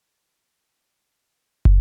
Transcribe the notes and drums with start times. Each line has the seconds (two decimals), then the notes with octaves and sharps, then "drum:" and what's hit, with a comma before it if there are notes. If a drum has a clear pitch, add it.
0.08 F#3 D4
0.39 F5
0.65 D5
0.92 A4
1.33 F#4 F#5
1.65 drum: kick